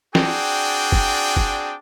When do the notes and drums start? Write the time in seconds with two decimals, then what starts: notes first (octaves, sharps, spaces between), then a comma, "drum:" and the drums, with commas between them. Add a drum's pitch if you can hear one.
0.15 C4 D4 F#4 G#4 D5 G5, drum: snare
0.92 drum: kick
1.36 drum: kick